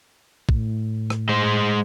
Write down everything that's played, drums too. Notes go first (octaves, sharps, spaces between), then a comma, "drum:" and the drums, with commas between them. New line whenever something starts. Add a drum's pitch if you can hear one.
A2, drum: kick
drum: rim click
G#3 C5